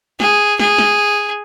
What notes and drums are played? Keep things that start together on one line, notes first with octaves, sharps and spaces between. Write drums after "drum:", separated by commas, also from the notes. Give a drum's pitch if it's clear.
G#4, drum: snare
G#4, drum: snare
drum: snare